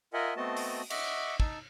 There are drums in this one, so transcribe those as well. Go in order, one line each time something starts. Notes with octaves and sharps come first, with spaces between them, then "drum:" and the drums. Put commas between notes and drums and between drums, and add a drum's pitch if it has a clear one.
F4 A#4 D#5 E5 F#5 G#5
A3 B3 C4 F#4 D#5 A5
drum: open hi-hat
D#5 E5 F#5 C#6 D6, drum: cymbal
D#4 A5 E6, drum: kick